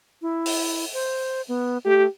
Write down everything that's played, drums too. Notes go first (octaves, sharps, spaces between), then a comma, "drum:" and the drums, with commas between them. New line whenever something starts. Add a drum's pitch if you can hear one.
E4
drum: open hi-hat
C5
B3
A3 G4